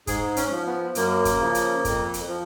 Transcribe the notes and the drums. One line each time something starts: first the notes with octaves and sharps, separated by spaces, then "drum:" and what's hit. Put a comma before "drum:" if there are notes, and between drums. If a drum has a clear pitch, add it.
G#2 G#4, drum: kick, hi-hat
C#4, drum: hi-hat
F3
B3
F#2 A#3, drum: hi-hat
drum: kick, hi-hat
C#3 F3
drum: hi-hat
F2, drum: kick, hi-hat
drum: hi-hat
F3